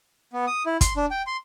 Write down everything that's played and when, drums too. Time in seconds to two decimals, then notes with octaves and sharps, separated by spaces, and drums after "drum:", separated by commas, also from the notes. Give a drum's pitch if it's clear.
0.33 B3
0.47 D#6
0.66 E4
0.81 C6, drum: kick, hi-hat
0.97 D4
1.11 G5
1.27 C6